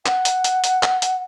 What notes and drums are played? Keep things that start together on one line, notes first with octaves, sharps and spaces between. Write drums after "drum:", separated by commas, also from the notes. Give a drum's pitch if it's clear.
F#5, drum: clap
drum: hi-hat
drum: hi-hat
drum: hi-hat
drum: clap
drum: hi-hat